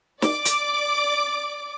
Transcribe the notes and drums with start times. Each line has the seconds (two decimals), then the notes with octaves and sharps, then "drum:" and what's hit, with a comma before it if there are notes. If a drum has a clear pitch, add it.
0.22 D5 D6, drum: snare
0.45 drum: hi-hat